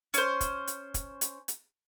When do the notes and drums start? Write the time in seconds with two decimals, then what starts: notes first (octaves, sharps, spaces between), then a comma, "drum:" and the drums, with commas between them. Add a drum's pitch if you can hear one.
0.14 C#4 C5, drum: hi-hat
0.41 drum: kick, hi-hat
0.67 drum: hi-hat
0.94 drum: kick, hi-hat
1.21 drum: hi-hat
1.48 drum: hi-hat